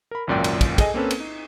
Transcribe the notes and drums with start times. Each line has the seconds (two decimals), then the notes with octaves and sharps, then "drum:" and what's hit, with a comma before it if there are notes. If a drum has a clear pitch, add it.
0.11 A#4 B5
0.27 G#1 C#2 F#2 A#2 D5 G5
0.44 drum: cymbal
0.61 drum: kick, cymbal
0.78 G#4 A4 D#5 G#5, drum: kick, cymbal
0.94 A#3 C4 C#4 A4 B4
1.11 drum: cymbal
1.20 D#4